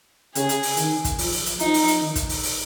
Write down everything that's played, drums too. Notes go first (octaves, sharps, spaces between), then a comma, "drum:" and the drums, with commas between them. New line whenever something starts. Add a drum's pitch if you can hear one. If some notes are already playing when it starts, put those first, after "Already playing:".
C#3 G#4, drum: hi-hat
drum: hi-hat
drum: open hi-hat
D#3, drum: hi-hat
drum: kick, hi-hat
F3, drum: open hi-hat
drum: open hi-hat
drum: hi-hat
F3 D#4, drum: hi-hat
drum: open hi-hat
drum: hi-hat
D#3
drum: kick, hi-hat
drum: open hi-hat
drum: open hi-hat